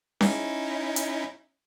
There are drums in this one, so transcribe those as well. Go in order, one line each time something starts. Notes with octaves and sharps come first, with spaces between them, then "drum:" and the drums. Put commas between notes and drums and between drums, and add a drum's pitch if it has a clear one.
C#4 D#4 E4, drum: snare C#4
drum: hi-hat